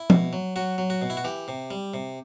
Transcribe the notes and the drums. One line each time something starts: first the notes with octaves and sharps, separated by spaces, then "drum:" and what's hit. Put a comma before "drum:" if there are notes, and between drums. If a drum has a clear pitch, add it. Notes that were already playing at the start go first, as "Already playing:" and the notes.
Already playing: E4
B2, drum: tom F3
F#3
F#3 F#4
F#3
F#4
B2
E4
F#4
E3 G4
C3
G3
C3